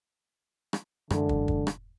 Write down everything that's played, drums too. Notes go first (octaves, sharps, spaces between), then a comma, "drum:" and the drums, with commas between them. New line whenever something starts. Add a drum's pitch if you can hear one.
drum: rim click
F#2 D3 E3 G#3, drum: rim click
drum: kick
drum: kick
drum: rim click